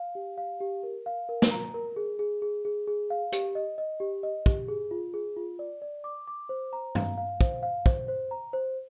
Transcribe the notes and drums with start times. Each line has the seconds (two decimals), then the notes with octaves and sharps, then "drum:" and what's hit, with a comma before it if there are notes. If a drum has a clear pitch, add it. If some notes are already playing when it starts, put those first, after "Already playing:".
Already playing: F5
0.15 G4
0.37 F5
0.60 G4
0.83 A#4
1.06 F5
1.29 A#4
1.42 drum: snare
1.51 A#5
1.74 A#4
1.96 G#4
2.19 G#4
2.42 G#4
2.65 G#4
2.88 G#4
3.10 F5
3.32 G4, drum: hi-hat
3.55 D#5
3.78 D#5
4.00 G4
4.23 D#5
4.46 G4, drum: kick
4.68 G#4
4.91 F4
5.14 G#4
5.37 F4
5.59 D5
5.82 D5
6.04 D6
6.27 D6
6.49 C5
6.73 A#5
6.95 F5, drum: tom G2
7.17 F5
7.41 C5, drum: kick
7.63 F5
7.86 C5, drum: kick
8.08 C5
8.31 A#5
8.53 C5